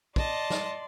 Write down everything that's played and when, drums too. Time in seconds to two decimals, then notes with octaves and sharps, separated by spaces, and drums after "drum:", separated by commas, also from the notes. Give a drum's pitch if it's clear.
0.16 D5 D#5 A5 C6, drum: kick
0.50 drum: snare